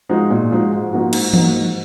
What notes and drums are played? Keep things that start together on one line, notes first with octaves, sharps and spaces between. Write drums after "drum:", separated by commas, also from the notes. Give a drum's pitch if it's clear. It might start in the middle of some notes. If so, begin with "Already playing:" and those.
F3 G#3 D#4 F#4
A#2
F3 G#3 D#4 F#4
G#2
F3 A#3 D#4 F#4
G#2, drum: cymbal
F3 A#3 D#4 F#4, drum: tom E3
G#2